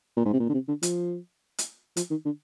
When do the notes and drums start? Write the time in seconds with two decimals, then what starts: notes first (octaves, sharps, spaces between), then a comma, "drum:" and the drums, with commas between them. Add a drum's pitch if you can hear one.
0.17 A#2
0.25 G#2
0.34 C3
0.40 A#2
0.49 D3
0.54 C3
0.68 D3
0.83 F3, drum: hi-hat
1.58 drum: hi-hat
1.97 F3, drum: hi-hat
2.10 D#3
2.25 D3